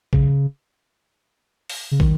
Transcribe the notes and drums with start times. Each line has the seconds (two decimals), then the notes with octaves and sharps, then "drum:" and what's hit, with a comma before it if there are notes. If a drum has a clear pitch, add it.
0.13 C#3, drum: kick
1.70 drum: open hi-hat
1.91 C#3
2.00 D#3, drum: kick